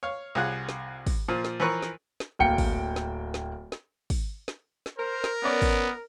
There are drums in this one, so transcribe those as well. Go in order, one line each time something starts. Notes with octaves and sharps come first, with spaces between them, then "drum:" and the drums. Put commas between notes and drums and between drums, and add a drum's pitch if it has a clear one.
C#5 F5
C2 F4 G#4 F#5
drum: snare
drum: kick, open hi-hat
A#2 F3
drum: snare
E3 F3 A#4 B4 C#6 F#6
drum: snare
drum: snare
D1 A#3 G5 C#7
drum: kick, open hi-hat
drum: snare
drum: snare
drum: snare
drum: kick, open hi-hat
drum: snare
drum: snare
A#4 C5
drum: snare
B3 C#4 D5
drum: kick, open hi-hat